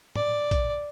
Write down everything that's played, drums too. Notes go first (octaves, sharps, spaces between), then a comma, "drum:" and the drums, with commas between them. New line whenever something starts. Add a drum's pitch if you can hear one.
D5, drum: tom
drum: kick, hi-hat